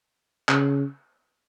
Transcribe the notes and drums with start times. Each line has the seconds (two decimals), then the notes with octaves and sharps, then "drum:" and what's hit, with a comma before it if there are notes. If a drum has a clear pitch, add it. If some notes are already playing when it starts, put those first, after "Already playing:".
0.49 C#3, drum: clap